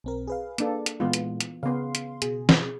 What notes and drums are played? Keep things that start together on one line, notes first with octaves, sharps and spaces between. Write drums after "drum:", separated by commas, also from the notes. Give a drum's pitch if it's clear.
B1 C4 A#4
G#4 B4 F5
A#3 D4 A4, drum: hi-hat
drum: hi-hat
A#2 E3 G#3 B3 F4
drum: hi-hat
drum: hi-hat
C#3 B3 F5 C6
drum: hi-hat
B2 G#4, drum: hi-hat
drum: snare